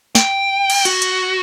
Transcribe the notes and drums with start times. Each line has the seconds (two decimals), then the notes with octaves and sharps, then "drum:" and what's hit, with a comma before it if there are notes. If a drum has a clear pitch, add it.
0.15 G5, drum: snare
0.70 drum: cymbal
0.85 F#4, drum: hi-hat
1.02 drum: hi-hat